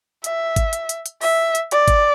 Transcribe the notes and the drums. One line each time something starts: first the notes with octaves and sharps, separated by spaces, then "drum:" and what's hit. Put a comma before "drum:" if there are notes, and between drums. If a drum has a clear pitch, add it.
E5, drum: hi-hat
drum: kick G#1, hi-hat
drum: hi-hat
drum: hi-hat
drum: hi-hat
E5, drum: open hi-hat
drum: hi-hat
D5, drum: hi-hat
drum: kick G#1, hi-hat